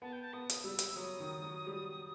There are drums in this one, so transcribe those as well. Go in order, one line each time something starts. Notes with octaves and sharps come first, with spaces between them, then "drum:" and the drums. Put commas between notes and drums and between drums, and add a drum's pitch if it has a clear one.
B3 A5
G5
A5
B3 D#6
drum: hi-hat
G3 E6
drum: hi-hat
F#3 D#6
D#3
F#3
G3